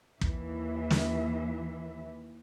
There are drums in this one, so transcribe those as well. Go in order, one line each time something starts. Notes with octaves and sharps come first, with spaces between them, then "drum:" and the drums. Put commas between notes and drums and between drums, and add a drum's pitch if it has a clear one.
D#2 E3 E5, drum: kick
drum: snare